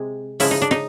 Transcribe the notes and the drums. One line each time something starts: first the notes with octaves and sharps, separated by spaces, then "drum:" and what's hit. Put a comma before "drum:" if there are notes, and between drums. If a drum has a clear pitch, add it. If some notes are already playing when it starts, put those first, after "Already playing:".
Already playing: C3 G#3
C#3 F3 G#3 E4, drum: open hi-hat
D#4
D4
D#4, drum: snare